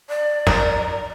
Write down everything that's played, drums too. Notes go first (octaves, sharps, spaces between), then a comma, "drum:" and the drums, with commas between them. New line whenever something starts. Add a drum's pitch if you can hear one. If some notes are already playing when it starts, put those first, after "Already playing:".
D5
A#4, drum: snare